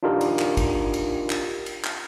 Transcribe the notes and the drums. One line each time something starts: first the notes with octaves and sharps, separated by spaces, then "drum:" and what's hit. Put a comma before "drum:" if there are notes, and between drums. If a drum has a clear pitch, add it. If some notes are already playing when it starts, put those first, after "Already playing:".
D4 D#4 F4 G4 A#4
drum: cymbal
drum: clap
drum: kick, cymbal
drum: cymbal
drum: clap
drum: cymbal
drum: clap